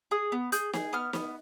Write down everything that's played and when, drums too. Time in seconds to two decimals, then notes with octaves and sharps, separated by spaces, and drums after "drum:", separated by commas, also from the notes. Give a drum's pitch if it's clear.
0.11 G#4 D#6
0.32 B3
0.52 G#4 G6, drum: hi-hat
0.73 G#4, drum: snare
0.93 B3 F6
1.13 B3, drum: snare